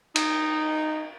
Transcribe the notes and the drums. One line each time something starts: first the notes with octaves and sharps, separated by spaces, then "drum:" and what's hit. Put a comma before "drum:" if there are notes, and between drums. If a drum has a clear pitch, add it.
D#4, drum: cymbal